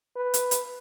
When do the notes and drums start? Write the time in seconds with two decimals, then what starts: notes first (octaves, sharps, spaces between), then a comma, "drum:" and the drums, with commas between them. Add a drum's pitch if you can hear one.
0.16 B4
0.34 drum: hi-hat
0.51 drum: hi-hat